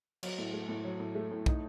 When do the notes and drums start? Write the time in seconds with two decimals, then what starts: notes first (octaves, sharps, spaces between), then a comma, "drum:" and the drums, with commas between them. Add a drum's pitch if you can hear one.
0.23 F#3, drum: cymbal
0.38 A2
0.53 A3
0.69 A2
0.85 F#3
1.00 A2
1.15 A3
1.31 A2
1.46 D#4, drum: kick